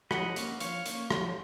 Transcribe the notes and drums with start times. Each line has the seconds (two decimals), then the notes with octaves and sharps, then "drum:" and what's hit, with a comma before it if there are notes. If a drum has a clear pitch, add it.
0.11 F3 D#5 F#5, drum: rim click
0.36 A#3 C#4, drum: hi-hat
0.60 F3 C#5 F5, drum: hi-hat
0.86 A#3 C#4, drum: hi-hat
1.11 F3, drum: rim click